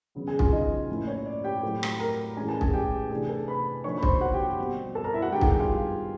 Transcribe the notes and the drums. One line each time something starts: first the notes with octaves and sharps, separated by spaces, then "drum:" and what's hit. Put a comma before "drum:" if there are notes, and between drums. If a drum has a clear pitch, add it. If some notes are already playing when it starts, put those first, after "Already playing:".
C#3 F#3 B3
G#4 G#5
F4 F5, drum: kick
D#4 D#5
A2 F3 A#3 C#4 E4
C#5
D5
G4 G5
A2 F#3 A3 C4 E4
drum: rim click
A#4 A#5
A2 E3 G#3 C#4 G#5
A5
G#4 G#5, drum: kick
G4 G5
C3 E3 A3 D4 G#4 G#5
A4 A5
B4 B5
D3 F3 A#3 D#4 C#5 C#6
B5
C5 C6, drum: kick
F#4 F#5
G4 G5
B2 G3 C4
A4 A5
A#4 A#5
E4 E5
F#4 F#5
G2 D#3 G#3 B3 G4 G5
G#4 G#5, drum: kick
G4 G5
F4 F5